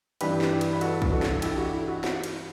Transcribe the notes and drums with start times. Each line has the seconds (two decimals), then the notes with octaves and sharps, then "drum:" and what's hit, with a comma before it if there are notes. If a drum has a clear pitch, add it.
0.21 G2 E3 G3 G4 B4, drum: cymbal
0.41 drum: snare
0.61 drum: cymbal
0.73 B4
0.81 F#4 A4, drum: cymbal
1.02 drum: kick
1.12 F#4 A4
1.22 drum: snare
1.35 A4
1.42 E4 G4, drum: cymbal
1.58 F#4
1.73 E4
1.88 F#4
2.04 F#4, drum: snare
2.24 drum: cymbal